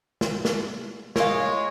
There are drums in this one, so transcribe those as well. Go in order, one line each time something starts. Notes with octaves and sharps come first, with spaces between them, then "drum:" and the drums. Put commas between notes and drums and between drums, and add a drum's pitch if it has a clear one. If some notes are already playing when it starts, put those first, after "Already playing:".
drum: snare
drum: snare
G#3 A#4 C#5 F5, drum: snare